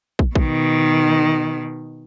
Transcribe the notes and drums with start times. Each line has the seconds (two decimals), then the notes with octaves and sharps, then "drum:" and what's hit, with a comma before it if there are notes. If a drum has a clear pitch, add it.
0.19 drum: kick
0.35 B2 D#3, drum: kick